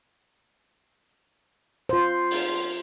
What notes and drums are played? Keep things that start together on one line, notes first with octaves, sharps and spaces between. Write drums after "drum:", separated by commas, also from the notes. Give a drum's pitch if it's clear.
F4 C5
drum: open hi-hat